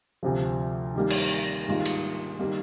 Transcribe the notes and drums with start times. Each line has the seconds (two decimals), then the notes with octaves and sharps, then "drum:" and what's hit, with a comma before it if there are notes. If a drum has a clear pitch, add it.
0.23 D2 C3 F3
0.95 D#3 G3 A#3
1.10 drum: cymbal
1.67 G#2 D#3 G3 A#3 F4
1.85 drum: cymbal
2.39 D#3 G3 A#3